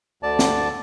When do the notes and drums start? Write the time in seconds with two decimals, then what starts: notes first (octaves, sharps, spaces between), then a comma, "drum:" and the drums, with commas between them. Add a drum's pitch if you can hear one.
0.23 D2 D3 D5 A5
0.39 drum: snare